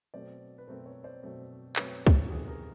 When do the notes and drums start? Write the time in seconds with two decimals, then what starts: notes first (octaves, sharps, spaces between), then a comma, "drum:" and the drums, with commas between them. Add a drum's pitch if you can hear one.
0.14 B2 F#3 A3 C4 C5 D5
0.58 B4
0.68 B2 F#3 A3 C4 A#4 C5
0.86 B4 C#5
1.04 C5 D5
1.22 B2 F#3 A3 C4
1.76 B2 F#3 A3 C4 B4 C#5, drum: clap
2.07 drum: kick
2.30 C3 D#3 F#3 B3 F#4 G#4
2.48 G#4 A#4